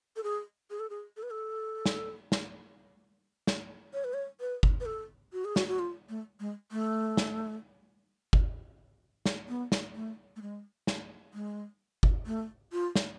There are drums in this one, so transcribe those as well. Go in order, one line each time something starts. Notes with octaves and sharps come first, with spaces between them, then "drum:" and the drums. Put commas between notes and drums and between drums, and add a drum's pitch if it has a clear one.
A4
G#4
G#4
A4
G#4
A4
B4
A4
drum: snare
drum: snare
drum: snare
C#5
B4
C#5
B4
drum: kick G1
B4
A4
F#4
G#4
F#4, drum: snare
F#4
F4
A3
G#3
A3
drum: snare
drum: kick G1
drum: snare
B3
drum: snare
A3
A3
G#3
drum: snare
G#3
drum: kick G1
A3
F4
drum: snare